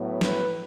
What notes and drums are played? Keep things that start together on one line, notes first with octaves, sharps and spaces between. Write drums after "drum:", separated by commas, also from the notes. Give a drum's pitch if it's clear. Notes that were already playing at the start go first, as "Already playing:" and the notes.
Already playing: A2 F#3 B3
B4, drum: snare